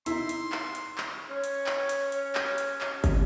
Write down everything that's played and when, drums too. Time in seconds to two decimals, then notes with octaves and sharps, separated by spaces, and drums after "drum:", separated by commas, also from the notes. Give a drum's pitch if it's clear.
0.06 D#4 E4 C6, drum: hi-hat
0.29 drum: hi-hat
0.52 drum: clap
0.75 drum: hi-hat
0.98 drum: clap
1.29 C#4 C#5
1.44 drum: hi-hat
1.66 drum: clap
1.89 drum: hi-hat
2.12 drum: hi-hat
2.35 drum: clap
2.58 drum: hi-hat
2.81 drum: clap
3.04 drum: kick, hi-hat